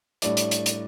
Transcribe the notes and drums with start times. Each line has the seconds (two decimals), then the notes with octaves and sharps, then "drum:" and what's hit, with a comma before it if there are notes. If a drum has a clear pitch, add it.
0.22 A2 G3 D4 D5, drum: hi-hat
0.37 drum: hi-hat
0.51 drum: hi-hat
0.66 drum: hi-hat